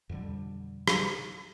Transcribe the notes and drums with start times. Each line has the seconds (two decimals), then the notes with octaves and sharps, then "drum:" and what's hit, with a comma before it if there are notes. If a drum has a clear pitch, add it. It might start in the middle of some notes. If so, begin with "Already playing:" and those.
0.09 F2 B2 D3 G3
0.88 drum: rim click